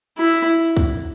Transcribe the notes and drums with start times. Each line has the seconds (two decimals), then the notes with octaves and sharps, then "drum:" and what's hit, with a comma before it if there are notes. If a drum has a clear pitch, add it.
0.19 E4
0.77 drum: kick